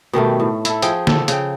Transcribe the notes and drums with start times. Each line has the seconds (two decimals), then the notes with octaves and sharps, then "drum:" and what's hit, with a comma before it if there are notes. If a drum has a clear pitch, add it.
0.13 B2 D#3 G3 A3
0.40 A2
0.65 E4 A4, drum: hi-hat
0.82 F3 G#4 G5, drum: hi-hat
1.07 A4, drum: snare
1.28 C#3 G5, drum: hi-hat